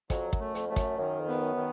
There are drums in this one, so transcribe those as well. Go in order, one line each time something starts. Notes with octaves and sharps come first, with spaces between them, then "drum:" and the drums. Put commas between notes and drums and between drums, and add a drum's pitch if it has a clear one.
F2 F#3, drum: kick, hi-hat
F#2, drum: kick
A3
F2, drum: hi-hat
F2 A3
F#2, drum: kick, hi-hat
F#2 D#3
F2
B3
F#2
D#3